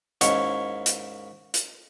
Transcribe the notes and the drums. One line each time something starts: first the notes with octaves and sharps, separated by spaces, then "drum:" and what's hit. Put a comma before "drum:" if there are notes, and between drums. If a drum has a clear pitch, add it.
D#2 G#2 C#4 E4 C#5 C#6, drum: hi-hat
drum: hi-hat
drum: hi-hat